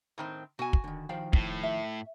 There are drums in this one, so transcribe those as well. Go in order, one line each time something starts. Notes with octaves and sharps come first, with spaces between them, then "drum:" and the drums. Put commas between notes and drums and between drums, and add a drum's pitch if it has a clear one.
A2 D#3 C4
B2 F#4 G#5
drum: kick
D3 D#3
D#3 F3 F5 G5
A2, drum: kick
E5